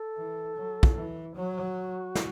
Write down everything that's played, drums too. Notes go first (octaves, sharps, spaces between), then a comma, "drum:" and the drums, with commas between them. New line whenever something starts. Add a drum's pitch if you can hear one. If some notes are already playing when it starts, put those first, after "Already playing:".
Already playing: A4
E3
F#3
drum: kick
E3
F#3 F#4
drum: snare